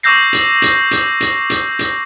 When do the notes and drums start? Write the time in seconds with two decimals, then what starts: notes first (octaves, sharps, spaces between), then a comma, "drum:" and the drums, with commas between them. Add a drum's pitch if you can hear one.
0.03 C#6 D6 E6 G6 A#6 C7
0.33 drum: hi-hat
0.62 drum: hi-hat
0.91 drum: hi-hat
1.21 drum: hi-hat
1.50 drum: hi-hat
1.79 drum: hi-hat